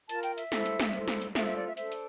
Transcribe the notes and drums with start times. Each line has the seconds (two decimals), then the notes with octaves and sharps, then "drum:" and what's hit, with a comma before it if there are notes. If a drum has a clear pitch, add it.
0.09 F4 A#4 A5, drum: hi-hat
0.23 G5, drum: hi-hat
0.38 E5, drum: hi-hat
0.52 E4 A4 C5, drum: snare
0.66 drum: hi-hat
0.80 drum: snare
0.93 E4 A4 C5, drum: hi-hat
1.08 drum: snare
1.22 drum: hi-hat
1.35 F4 A4 C5 E5, drum: snare
1.46 E5
1.57 D5
1.67 E5
1.77 D4 A4 C5 E5, drum: hi-hat
1.92 drum: hi-hat